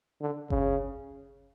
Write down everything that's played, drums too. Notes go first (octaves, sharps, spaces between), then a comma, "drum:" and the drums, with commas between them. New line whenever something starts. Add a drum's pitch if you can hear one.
D3
C#3, drum: kick G1